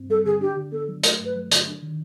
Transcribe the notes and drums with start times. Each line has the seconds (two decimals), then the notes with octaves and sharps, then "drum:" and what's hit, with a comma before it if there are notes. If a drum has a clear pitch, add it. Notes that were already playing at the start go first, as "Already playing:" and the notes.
Already playing: G2 C4
0.09 G3 A4
0.25 D3 G#4
0.41 D4 G4
0.57 D3
0.72 B3 A4
0.88 F#3
1.03 A3 A#4, drum: hi-hat
1.20 G2
1.25 B4
1.35 F#3
1.51 D3, drum: hi-hat
1.67 D4
1.83 D#3